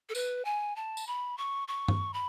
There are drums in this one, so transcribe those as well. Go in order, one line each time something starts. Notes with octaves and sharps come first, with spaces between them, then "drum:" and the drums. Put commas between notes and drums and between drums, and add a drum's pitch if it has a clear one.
A4
B4, drum: tambourine
G#5
A5
drum: tambourine
B5
C#6
C#6
drum: tom G2
B5